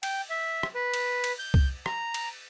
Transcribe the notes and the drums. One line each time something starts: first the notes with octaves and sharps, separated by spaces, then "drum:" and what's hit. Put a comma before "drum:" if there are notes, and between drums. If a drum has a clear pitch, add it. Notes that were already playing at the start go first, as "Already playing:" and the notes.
G5, drum: cymbal
E5
drum: rim click
B4
drum: cymbal
drum: cymbal
G6
drum: kick
A#5, drum: rim click
drum: cymbal